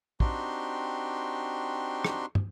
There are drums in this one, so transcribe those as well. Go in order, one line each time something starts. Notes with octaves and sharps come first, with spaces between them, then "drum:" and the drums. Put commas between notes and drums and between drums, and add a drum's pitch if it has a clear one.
C4 D4 D#4 F#4 G4 C6, drum: kick
drum: rim click
drum: tom